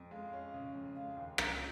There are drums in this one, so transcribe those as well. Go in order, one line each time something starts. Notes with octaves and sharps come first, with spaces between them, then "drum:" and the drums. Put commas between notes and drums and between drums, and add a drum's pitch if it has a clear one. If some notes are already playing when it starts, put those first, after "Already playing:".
Already playing: F2
G#3 F5
C#4
C#3
F2
G#3 F5
D#2
C#3 A#5, drum: rim click